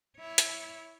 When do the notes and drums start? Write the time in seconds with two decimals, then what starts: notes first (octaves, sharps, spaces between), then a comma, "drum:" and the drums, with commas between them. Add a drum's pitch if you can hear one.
0.18 E4 C#5
0.38 drum: hi-hat